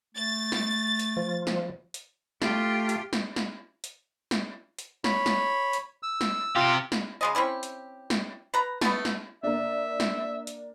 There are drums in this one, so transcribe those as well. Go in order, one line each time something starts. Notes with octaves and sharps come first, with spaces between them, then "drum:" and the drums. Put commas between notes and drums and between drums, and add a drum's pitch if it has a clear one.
A3 A6
drum: snare
drum: hi-hat
F3
drum: snare
drum: hi-hat
A3 F4 G4, drum: snare
drum: hi-hat
drum: snare
drum: snare
drum: hi-hat
drum: snare
drum: hi-hat
C#5 B5, drum: snare
drum: snare
drum: hi-hat
E6
drum: snare
C3 F4 G4
drum: snare
C#3 G#3 D#5
C4 C#4 E4 G4
drum: hi-hat
drum: snare
B4 A#5
A3 B3, drum: snare
drum: snare
A#3 D4 E5
drum: snare
drum: hi-hat